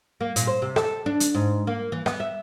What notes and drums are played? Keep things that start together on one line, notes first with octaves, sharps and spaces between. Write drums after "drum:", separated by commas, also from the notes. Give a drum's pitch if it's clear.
A#3
A#2, drum: hi-hat
C5
C3
A4, drum: rim click
D4
drum: hi-hat
G#2
A#3
E3
B3, drum: rim click
E5